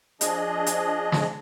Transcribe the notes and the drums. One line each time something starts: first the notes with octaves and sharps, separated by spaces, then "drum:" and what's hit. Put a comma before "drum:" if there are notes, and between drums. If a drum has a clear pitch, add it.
F3 D4 G#4 D#5, drum: hi-hat
drum: hi-hat
drum: snare